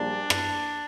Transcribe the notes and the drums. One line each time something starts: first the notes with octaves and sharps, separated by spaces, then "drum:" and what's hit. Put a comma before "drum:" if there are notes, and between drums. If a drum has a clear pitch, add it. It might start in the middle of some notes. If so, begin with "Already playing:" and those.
Already playing: A#1 A#2 G3 D4
drum: rim click